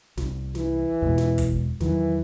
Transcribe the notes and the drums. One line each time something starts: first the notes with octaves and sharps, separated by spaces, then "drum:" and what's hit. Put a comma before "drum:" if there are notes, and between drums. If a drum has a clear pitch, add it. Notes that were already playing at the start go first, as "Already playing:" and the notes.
C2, drum: snare
E3, drum: snare
E2 B2 G#3
drum: snare
drum: kick, hi-hat
E2 D#3 E3 F#3, drum: snare